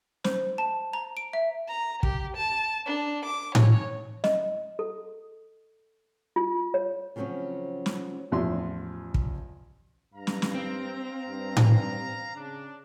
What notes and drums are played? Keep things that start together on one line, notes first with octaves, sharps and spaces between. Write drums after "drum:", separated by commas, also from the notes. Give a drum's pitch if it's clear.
C5, drum: snare
A5
A#5
D7
E5
A#5
G4, drum: kick
A5
D4
D6
C#5, drum: tom A2
D#5, drum: snare
A4
F4
C#5
C#3 F3 F#3 C4 C#4 F#4
drum: snare
A1 E2 F3 C6
drum: kick
G2 F5 A#5
drum: snare
drum: snare
C4
G2
drum: tom A2
C#3 D4